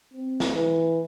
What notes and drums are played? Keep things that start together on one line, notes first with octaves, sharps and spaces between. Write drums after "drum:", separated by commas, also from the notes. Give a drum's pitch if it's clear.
C4
drum: snare
E3